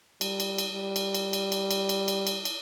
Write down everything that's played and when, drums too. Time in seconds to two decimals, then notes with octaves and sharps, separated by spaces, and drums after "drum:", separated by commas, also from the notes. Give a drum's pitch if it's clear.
0.21 G3, drum: cymbal
0.40 drum: cymbal
0.58 drum: cymbal
0.72 G3
0.96 drum: cymbal
1.14 drum: cymbal
1.33 drum: cymbal
1.52 drum: cymbal
1.71 drum: cymbal
1.89 drum: cymbal
2.08 drum: cymbal
2.27 drum: cymbal
2.45 drum: cymbal